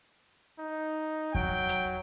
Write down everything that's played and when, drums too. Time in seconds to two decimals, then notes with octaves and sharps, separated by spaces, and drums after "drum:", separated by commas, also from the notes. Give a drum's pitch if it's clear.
0.59 D#4
1.35 F#3 G5, drum: kick E2
1.69 drum: hi-hat